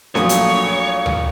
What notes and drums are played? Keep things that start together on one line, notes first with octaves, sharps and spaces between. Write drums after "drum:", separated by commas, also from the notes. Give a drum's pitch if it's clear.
A#1 F#3 A3 F#4 C#5 D#6, drum: snare C#4
drum: hi-hat
drum: tom C#2